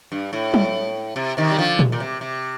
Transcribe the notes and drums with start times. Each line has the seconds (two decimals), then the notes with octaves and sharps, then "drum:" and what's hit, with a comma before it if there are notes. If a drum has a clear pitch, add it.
0.12 G2
0.33 A2
0.54 drum: tom F#3
1.16 C3
1.37 C3 D#3
1.51 G3
1.59 D3 F3
1.79 drum: tom A#2
1.92 A#2
2.00 C3
2.21 C3